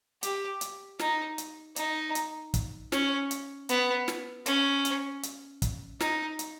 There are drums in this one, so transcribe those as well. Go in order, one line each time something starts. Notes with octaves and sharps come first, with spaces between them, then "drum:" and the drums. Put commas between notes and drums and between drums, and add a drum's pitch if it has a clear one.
G4, drum: hi-hat
drum: hi-hat
D#4, drum: snare
drum: hi-hat
D#4, drum: hi-hat
drum: hi-hat
drum: kick, hi-hat
C#4, drum: snare
drum: hi-hat
B3, drum: hi-hat
drum: snare
C#4, drum: hi-hat
drum: hi-hat
drum: hi-hat
drum: kick, hi-hat
D#4, drum: snare
drum: hi-hat